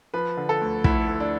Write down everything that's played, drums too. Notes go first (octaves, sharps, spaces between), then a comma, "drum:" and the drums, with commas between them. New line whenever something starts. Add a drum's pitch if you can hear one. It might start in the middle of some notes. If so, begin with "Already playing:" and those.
F3 B4
D3
A4
D2
D2 E4, drum: kick
D2
D4